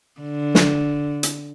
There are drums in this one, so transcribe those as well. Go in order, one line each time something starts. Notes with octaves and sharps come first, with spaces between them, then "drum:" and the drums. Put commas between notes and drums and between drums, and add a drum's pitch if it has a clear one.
D3
drum: snare
drum: hi-hat